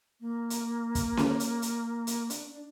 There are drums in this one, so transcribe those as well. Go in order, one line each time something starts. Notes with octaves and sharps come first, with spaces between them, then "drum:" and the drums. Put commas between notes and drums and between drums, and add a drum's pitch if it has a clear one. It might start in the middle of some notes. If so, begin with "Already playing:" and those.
A#3
drum: hi-hat
drum: kick, hi-hat
drum: snare C#4
drum: hi-hat
drum: hi-hat
drum: hi-hat
D4, drum: hi-hat
D4